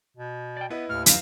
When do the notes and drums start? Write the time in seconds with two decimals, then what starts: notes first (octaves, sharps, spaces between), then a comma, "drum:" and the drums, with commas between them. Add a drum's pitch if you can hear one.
0.17 B2
0.57 D5 G5
0.70 B3 E4 B4 D#5
0.89 D#2 A2 F6
1.06 F#2 D#4 F5, drum: hi-hat